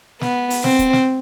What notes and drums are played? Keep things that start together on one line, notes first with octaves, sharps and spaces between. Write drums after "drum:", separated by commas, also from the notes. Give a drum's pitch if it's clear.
B3, drum: snare
drum: open hi-hat
C4, drum: snare
drum: kick, hi-hat
drum: snare